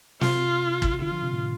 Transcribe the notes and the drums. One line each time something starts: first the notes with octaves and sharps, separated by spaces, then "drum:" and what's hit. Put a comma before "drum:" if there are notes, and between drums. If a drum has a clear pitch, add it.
C3 F4, drum: snare
drum: kick
D3 F4
F3
C3
A2